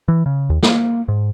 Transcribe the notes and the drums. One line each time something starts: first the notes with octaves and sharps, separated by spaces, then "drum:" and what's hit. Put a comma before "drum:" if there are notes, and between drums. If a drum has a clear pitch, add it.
E3
C#3
D#2
A#3, drum: snare
G#2